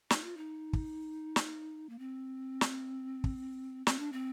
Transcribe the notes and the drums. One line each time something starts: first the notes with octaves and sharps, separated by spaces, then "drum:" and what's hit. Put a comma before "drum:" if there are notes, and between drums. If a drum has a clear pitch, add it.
D#4, drum: snare
F4
D#4
drum: kick
drum: snare
A#3
C4
drum: snare
drum: kick
C4, drum: snare
D4
C4